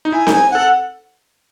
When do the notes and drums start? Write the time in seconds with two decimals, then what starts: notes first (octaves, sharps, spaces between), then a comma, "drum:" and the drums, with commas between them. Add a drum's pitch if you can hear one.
0.05 D#4
0.12 E4 G#5
0.27 D#4, drum: snare C4
0.32 G#5
0.50 A4 F#5